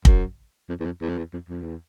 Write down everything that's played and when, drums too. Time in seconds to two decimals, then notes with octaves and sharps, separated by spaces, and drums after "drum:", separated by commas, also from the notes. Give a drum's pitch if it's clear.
0.05 F#2, drum: kick
0.69 F2
0.80 E2
0.86 F2
1.01 E2
1.09 F2
1.18 E2
1.33 F2
1.49 F2
1.62 E2